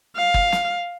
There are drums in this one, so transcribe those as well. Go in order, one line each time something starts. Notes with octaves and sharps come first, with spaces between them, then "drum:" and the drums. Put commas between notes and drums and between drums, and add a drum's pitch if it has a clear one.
F5
drum: kick
drum: snare